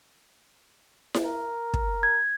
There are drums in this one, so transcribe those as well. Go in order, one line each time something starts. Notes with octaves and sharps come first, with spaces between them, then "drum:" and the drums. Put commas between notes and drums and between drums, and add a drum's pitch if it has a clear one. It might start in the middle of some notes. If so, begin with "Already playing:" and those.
drum: snare E4
A#4
drum: kick
G#6